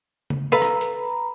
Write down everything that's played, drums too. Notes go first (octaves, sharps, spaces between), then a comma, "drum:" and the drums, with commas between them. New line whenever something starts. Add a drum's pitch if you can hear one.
drum: tom C#3
A4 B4 F5 A#5 B5
drum: rim click
drum: hi-hat